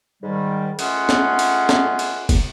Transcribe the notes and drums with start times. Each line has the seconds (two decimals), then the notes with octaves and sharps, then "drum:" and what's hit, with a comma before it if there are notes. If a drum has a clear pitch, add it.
0.23 G#2 D#3 G3
0.79 G#3 A3 C#4 F4 G#4 F#5, drum: cymbal
1.09 drum: snare
1.39 drum: cymbal
1.69 drum: snare
1.99 drum: cymbal
2.29 drum: kick, cymbal